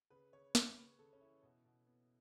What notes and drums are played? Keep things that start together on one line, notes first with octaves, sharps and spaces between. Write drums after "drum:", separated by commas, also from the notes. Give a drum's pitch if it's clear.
C#3 B4
C#3 C#5
C#3 C#5, drum: snare
C#3 B4
C#3 A4
C#4
E3 E4
B2
B2
B3